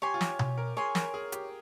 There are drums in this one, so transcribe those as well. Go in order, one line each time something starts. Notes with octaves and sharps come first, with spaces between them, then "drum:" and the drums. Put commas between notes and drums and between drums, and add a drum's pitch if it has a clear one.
G4 C#5 G#5 C6
F4
G4, drum: snare
drum: tom B2
A#4
G#4 C#5 G#5 C6
A#4, drum: snare
G#4
G4, drum: hi-hat